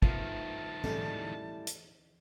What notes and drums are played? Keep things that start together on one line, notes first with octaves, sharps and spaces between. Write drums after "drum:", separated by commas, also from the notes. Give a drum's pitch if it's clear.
D#3 F3 A3 B3 F4 A5, drum: kick
A2 G3 G#3 A4, drum: tom E3
drum: hi-hat